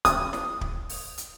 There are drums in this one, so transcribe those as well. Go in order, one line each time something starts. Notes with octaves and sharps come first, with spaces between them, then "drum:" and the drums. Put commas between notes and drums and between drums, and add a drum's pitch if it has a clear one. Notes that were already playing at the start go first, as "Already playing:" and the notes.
D#6, drum: kick, hi-hat
drum: snare
drum: kick
drum: open hi-hat
drum: hi-hat